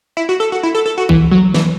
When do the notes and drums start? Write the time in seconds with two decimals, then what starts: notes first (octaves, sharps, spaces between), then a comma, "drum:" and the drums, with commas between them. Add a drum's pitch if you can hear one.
0.17 E4
0.29 F#4
0.40 A4
0.52 F#4
0.63 E4
0.75 A4
0.86 A4
0.98 F#4
1.09 E3, drum: kick A1
1.31 F#3
1.54 E3, drum: snare